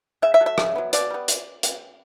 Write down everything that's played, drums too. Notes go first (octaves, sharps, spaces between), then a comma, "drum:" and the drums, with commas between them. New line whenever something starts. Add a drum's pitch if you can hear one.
C#3 E5
E5
F#3 A3
E5
C#3, drum: rim click
F#3 B3
B2 D5, drum: hi-hat
G3 B3
drum: hi-hat
drum: hi-hat